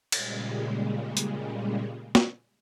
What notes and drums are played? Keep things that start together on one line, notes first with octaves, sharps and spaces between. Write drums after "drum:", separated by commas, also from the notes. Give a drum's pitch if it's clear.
A#2 C#3 G3 G#3, drum: cymbal
drum: hi-hat
drum: snare